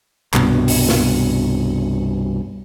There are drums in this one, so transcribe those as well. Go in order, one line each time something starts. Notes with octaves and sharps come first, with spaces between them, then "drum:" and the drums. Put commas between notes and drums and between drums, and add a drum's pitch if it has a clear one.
C2 G2 B2, drum: clap
drum: open hi-hat
drum: snare